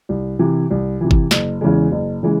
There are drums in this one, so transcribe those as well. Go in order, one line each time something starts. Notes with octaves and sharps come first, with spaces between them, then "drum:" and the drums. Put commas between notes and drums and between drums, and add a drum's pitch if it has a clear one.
C2
C3 E3
C2
C3 E3
drum: kick G1
F#1, drum: snare
E2 C#3 E3 G#3
F#1
C#3 E3 G#3